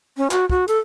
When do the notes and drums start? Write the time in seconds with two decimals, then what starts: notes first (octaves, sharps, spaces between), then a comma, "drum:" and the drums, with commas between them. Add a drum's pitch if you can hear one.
0.17 C#4
0.31 F#4, drum: clap
0.50 F#4, drum: kick
0.68 A4, drum: hi-hat